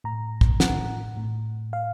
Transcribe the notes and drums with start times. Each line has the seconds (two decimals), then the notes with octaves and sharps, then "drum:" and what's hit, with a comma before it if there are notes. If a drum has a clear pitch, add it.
0.04 A2 A#5
0.41 drum: kick
0.60 F#5, drum: snare
1.17 A2
1.73 F5